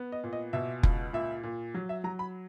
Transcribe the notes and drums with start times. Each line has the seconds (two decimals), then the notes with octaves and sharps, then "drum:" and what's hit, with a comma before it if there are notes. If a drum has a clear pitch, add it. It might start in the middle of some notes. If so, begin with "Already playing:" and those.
Already playing: B3
0.12 D#5
0.24 A#2
0.33 D#5
0.53 B2 E5
0.83 C#2, drum: kick F1
1.13 A#2 E5
1.43 A#2
1.74 F#3
1.89 E5
2.04 F#3 A#5
2.19 B5